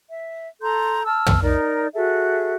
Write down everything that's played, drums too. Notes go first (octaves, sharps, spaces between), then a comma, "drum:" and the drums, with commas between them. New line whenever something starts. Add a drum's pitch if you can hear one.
E5
A4 A#5 C6 G6
A5 E6 F6
drum: tom
D#4 A#4 D5
F#4 G#4 A4 E5